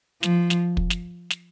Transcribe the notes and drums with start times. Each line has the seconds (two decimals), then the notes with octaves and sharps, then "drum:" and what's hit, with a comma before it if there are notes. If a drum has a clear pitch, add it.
0.23 F3, drum: snare
0.50 drum: snare
0.77 drum: kick
0.90 drum: snare
1.30 drum: snare